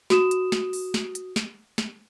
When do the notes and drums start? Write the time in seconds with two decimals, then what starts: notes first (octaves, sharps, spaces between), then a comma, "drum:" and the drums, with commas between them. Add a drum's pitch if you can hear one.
0.10 F#4 D#6 E7, drum: snare
0.31 drum: hi-hat
0.52 drum: snare
0.73 drum: open hi-hat
0.94 drum: snare
1.15 drum: hi-hat
1.36 drum: snare
1.78 drum: snare